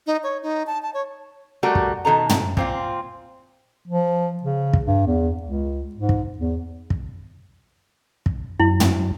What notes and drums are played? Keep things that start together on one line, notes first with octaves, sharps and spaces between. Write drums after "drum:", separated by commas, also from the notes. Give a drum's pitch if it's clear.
D#4
C#5
D#4
A5
A5
C#5
G3 A3 F#4 A#4
drum: kick
B2 D#3 A4 A#5
drum: tom
A#2 C4 F4, drum: kick
F3
C#3
drum: kick
G2
E2
C#2
G#2
drum: kick
E2
drum: kick
drum: kick
F#2 E4
drum: tom